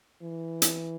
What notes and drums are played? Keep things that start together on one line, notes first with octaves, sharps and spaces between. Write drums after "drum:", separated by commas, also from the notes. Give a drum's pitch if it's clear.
E3
drum: hi-hat